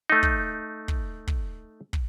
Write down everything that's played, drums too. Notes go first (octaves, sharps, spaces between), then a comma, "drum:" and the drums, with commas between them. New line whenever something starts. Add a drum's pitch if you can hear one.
A3 D#4
drum: kick
drum: kick
drum: kick
drum: kick